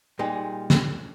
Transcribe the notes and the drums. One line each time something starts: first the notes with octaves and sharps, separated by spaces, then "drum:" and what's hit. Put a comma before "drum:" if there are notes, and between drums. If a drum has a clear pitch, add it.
A#2 G3 G#3 D#4
drum: snare